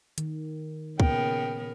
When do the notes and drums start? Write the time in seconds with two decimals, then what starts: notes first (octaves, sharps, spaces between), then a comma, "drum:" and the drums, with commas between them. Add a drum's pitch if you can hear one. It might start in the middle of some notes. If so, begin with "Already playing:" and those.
0.18 D#3, drum: hi-hat
1.00 A#2 C#3 B3 A#4 G5, drum: kick